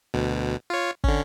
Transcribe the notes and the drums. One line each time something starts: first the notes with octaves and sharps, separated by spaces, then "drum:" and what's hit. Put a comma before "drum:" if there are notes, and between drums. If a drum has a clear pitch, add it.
D2 B2
F4 C#5
D3 C#4, drum: kick